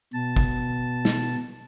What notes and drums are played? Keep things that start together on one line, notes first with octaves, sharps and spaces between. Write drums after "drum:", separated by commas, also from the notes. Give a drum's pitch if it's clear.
B2 A5
drum: kick
drum: snare